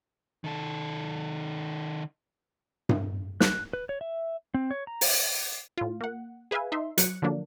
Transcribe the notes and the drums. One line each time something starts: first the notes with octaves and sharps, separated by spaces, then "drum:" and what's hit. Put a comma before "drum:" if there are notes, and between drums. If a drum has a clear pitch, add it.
D#3 A4
drum: tom G2
F#6, drum: snare
B4
C#5
E5
C4
C#5
A#5
drum: open hi-hat
A2 F4
A#3 F#5
G#4 B4 E5 F5 G#5
D#4 E5 C6
F#3 F#6 C#7, drum: hi-hat
D3 F3 F#3 A#3 D4